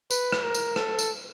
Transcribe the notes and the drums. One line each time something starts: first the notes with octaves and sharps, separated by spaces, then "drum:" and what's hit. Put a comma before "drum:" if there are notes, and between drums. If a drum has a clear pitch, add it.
B4, drum: tambourine
drum: rim click
A#4
drum: tambourine
A4, drum: rim click
drum: tambourine